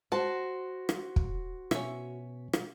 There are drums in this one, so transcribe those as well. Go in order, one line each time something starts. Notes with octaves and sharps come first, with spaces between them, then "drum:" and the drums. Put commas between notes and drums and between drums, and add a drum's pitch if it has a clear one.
F#4 C5 A5
drum: rim click
drum: kick
B2 C#4 E5, drum: rim click
drum: rim click